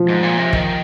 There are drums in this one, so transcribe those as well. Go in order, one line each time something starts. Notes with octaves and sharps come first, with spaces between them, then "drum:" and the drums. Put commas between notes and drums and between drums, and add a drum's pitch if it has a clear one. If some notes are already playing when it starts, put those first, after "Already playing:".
Already playing: F3
G#2
A#2
C3
D#3, drum: kick